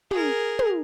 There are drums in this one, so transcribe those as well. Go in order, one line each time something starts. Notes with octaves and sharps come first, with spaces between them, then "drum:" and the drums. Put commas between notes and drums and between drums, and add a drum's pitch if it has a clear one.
G#4 A#4, drum: tom
drum: tom